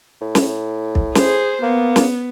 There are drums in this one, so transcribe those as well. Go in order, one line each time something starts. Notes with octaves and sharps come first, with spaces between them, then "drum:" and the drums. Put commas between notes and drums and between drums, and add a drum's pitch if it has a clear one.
A2
drum: snare
drum: kick
G#4 C5, drum: snare
A#3 B3
drum: snare